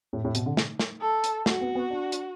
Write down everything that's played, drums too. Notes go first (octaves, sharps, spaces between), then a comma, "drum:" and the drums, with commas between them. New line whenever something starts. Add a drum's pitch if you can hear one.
A2
A2
B2, drum: hi-hat
D3
drum: snare
drum: snare
A4
drum: hi-hat
A3 F#4, drum: snare
B3
B3
D4
drum: hi-hat